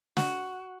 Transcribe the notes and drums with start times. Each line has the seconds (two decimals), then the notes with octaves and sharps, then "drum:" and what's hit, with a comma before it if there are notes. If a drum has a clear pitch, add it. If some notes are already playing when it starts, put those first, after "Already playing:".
0.17 F#4, drum: snare